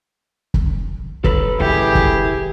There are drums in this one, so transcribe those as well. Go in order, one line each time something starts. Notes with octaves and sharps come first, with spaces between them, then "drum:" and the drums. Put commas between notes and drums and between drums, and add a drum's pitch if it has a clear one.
drum: kick
A4 B4, drum: kick
G#1 C#2 E4 G4 G#4
drum: kick